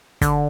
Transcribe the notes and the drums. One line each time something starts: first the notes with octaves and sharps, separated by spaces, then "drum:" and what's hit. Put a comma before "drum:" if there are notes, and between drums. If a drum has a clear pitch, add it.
D3, drum: kick, hi-hat